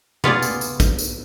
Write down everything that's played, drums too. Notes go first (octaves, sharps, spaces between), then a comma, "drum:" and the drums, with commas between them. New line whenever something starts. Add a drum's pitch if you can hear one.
B3 F4 G#4 D5, drum: tom B2
drum: tambourine
drum: tambourine
drum: kick, tambourine
drum: tambourine